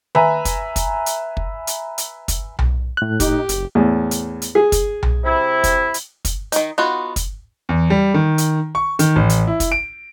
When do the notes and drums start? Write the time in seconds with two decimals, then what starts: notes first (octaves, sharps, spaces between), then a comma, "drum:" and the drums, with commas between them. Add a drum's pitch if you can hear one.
0.15 B4 E5 G#5 A#5, drum: tom D#3
0.45 drum: kick, hi-hat
0.76 drum: kick, hi-hat
1.06 drum: hi-hat
1.37 drum: kick
1.67 drum: hi-hat
1.98 drum: hi-hat
2.28 drum: kick, hi-hat
2.59 drum: tom B1
2.97 A2 F#6
3.20 D#4 G4, drum: kick, hi-hat
3.49 F#1, drum: hi-hat
3.75 E2 A2
4.11 drum: hi-hat
4.42 drum: hi-hat
4.55 G#4
4.72 drum: kick, hi-hat
5.03 drum: tom B1
5.24 C3 E4
5.64 drum: kick, hi-hat
5.94 drum: hi-hat
6.25 drum: kick, hi-hat
6.52 D#3 D#4, drum: hi-hat
6.78 B3 D#4 F4 F#4
7.16 drum: kick, hi-hat
7.69 E2
7.90 G3
8.14 D#3
8.38 drum: hi-hat
8.75 C#6
8.99 D#3, drum: hi-hat
9.16 A1
9.30 drum: hi-hat
9.47 E4
9.60 drum: kick, hi-hat
9.72 D7